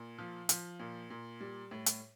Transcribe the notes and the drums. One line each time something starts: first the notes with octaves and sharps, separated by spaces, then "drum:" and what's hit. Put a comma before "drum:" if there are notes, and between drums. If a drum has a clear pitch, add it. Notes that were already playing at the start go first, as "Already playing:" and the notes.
Already playing: A#2
F3
F3, drum: hi-hat
A#2
A#2
G3
A2
drum: hi-hat